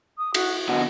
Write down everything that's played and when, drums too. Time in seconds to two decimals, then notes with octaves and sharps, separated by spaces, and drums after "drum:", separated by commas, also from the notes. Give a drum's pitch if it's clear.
0.18 D#6
0.34 F#4, drum: cymbal
0.69 D3 B3 F#4 D#5